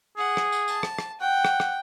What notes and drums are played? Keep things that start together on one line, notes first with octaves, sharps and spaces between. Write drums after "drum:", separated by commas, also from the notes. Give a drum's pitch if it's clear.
G#4 F#5
drum: rim click
drum: tambourine
A5, drum: tambourine
drum: rim click
drum: rim click
F#5 G5
drum: rim click
drum: rim click